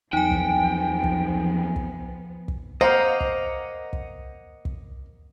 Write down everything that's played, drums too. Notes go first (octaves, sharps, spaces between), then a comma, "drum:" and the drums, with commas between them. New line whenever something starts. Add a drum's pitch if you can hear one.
E2 F3 F#3 B3 D#4 G5 G#5
drum: kick
drum: kick
drum: kick
drum: kick
A#3 C5 D#5 F#5 A#5
drum: kick
drum: kick
drum: kick